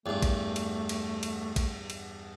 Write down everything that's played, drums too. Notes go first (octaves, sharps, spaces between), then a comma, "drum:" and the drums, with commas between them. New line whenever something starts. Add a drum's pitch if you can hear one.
E2 G2 A3
drum: kick A1, cymbal
drum: cymbal
drum: cymbal
drum: cymbal
drum: kick A1, cymbal
drum: cymbal